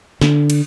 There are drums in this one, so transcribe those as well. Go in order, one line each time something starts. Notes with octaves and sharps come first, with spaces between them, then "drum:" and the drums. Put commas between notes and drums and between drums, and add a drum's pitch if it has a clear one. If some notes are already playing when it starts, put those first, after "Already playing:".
D3, drum: snare
drum: cymbal